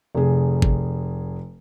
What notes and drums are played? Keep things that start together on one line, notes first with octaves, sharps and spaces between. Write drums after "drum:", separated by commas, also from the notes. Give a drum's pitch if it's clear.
F1 G#4
drum: kick